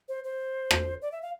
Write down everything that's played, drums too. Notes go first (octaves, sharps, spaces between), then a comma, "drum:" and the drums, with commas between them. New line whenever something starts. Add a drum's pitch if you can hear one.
C5
C5
drum: rim click
D5
E5
F5